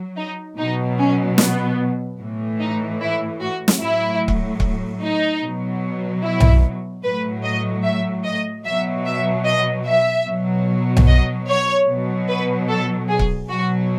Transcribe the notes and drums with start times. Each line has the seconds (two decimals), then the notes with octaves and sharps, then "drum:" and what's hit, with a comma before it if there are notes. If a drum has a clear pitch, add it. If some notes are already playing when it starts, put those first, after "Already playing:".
Already playing: F#3
0.17 D#4
0.58 B2 F#3 D#4
0.99 C#4
1.38 B3, drum: snare
2.19 A2 E3
2.60 D#4
3.00 E4
3.41 F#4
3.68 drum: snare
3.80 A2 F#3 E4
4.28 drum: kick C#1
4.60 drum: kick C#1
5.02 D#4
5.42 B2 F#3
6.23 E4
6.40 drum: tom B1
7.03 A2 F#3 B4
7.44 D#5
7.84 E5
8.24 D#5
8.65 B2 F#3 E5
9.06 E5
9.45 D#5
9.85 E5
10.26 B2 F#3
10.97 drum: tom B1
11.07 D#5
11.48 C#5
11.88 B2 F#3
12.28 B4
12.69 A4
13.09 G#4
13.19 drum: kick C#1
13.49 B2 F#3 F#4